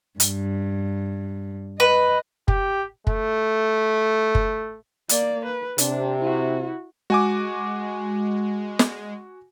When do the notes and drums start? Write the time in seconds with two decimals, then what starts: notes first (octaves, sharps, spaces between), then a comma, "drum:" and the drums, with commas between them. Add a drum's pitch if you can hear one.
0.20 G2, drum: hi-hat
1.80 B4 D#5
2.48 G4, drum: kick
3.07 A3, drum: kick
4.35 drum: kick
5.09 A#3 D5, drum: hi-hat
5.46 B4
5.78 C3 D4, drum: hi-hat
6.19 E4 F#4
7.10 G#3 F#4 G#5 D6
8.79 drum: snare